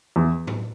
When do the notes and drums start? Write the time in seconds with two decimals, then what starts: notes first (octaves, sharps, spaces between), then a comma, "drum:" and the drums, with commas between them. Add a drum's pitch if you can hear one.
0.16 E2
0.47 drum: tom A2